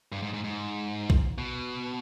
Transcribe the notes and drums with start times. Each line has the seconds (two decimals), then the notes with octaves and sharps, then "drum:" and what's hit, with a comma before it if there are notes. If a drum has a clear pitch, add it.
0.12 G2
0.22 G#2
0.34 G#2
0.44 G#2
1.10 drum: kick B1
1.38 B2